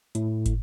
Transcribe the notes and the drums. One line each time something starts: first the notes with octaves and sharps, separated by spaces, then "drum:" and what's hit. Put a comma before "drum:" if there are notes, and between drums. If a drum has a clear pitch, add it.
A2, drum: hi-hat
drum: kick, hi-hat